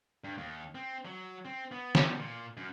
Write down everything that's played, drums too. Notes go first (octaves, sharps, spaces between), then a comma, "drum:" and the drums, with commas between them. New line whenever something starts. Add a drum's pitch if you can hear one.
G2
D#2
C4
F#3
C4
B3
G3, drum: snare
A#2
F#2